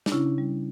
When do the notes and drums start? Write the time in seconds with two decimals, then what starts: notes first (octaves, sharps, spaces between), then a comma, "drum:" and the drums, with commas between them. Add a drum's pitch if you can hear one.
0.06 D4, drum: snare
0.12 C#3 C#4 E4
0.38 G3